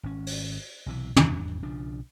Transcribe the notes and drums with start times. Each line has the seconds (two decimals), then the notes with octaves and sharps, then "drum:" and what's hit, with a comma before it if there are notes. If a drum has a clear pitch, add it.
0.03 G#1 C#4
0.27 drum: open hi-hat
0.86 B1 C3 E3
1.16 G#1 E2 G3 D4, drum: tom
1.63 B1 C#3 F3 D4